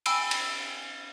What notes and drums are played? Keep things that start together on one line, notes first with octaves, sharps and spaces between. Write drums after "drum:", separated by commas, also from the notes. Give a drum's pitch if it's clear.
G5 G#5 B5 E6 D7, drum: cymbal
drum: cymbal